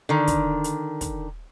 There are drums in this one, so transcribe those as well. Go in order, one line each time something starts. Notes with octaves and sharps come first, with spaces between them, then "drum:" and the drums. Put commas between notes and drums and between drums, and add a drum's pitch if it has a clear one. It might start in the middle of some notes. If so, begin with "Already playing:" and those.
D3 D#3
drum: kick, hi-hat
drum: hi-hat
drum: kick, hi-hat